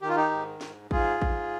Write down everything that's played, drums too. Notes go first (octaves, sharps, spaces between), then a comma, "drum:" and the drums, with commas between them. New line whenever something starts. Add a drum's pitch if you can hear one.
D#3 G4
F4
D#4 G4
G#2
G#2, drum: snare
G#2 F4 G#4, drum: kick A1
G#2, drum: kick A1